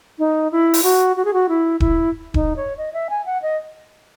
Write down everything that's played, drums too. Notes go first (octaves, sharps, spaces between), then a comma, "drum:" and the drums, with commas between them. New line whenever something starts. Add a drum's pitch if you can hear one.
D#4
E4
drum: open hi-hat
F#4
F#4
G#4
F#4
E4
E4, drum: kick D#1
D#4, drum: kick D#1
C#5
D#5
E5
G#5
F#5
D#5